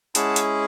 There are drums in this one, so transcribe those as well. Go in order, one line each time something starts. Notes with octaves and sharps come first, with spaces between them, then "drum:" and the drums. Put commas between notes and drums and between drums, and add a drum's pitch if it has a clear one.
G#3 C#4 E4 G#4 F#5 A5, drum: hi-hat
drum: hi-hat